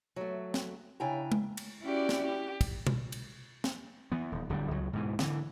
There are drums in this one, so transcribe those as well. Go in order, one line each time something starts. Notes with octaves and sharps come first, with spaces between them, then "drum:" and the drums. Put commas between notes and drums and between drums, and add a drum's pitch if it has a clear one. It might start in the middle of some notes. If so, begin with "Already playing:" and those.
F#3 A3
drum: snare
C#3 D4 E4 G5 G#5 A#5
drum: tom G#3
drum: cymbal
C#4 E4 F#4 G4 D5
drum: snare
G4
drum: kick, cymbal
drum: tom B2
drum: cymbal
drum: snare
E3 B3
D#1
D1 D3 F#3 G3
C#2 F#3
G#2 B2 E3
D3 E3, drum: snare